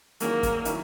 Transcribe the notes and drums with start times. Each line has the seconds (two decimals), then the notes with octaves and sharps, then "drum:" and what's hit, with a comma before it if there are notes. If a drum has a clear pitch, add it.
0.20 E2 D#3 F#3 A#3 C#4 G#4, drum: hi-hat
0.43 drum: kick, hi-hat
0.65 D#3 F#3 C#4 E4, drum: hi-hat